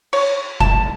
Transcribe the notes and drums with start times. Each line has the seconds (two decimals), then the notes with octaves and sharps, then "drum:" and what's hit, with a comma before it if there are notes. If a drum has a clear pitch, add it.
0.13 C#5, drum: cymbal
0.60 A5, drum: kick